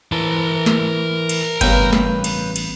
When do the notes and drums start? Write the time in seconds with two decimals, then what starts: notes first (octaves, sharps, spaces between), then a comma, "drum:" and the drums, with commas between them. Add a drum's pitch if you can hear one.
0.12 E3 A#4 A5
0.66 drum: snare
1.29 drum: cymbal
1.61 A1 G2 C#3 B3 B4 E5 G5, drum: kick G1, cymbal
1.93 drum: snare
2.24 drum: cymbal
2.56 drum: cymbal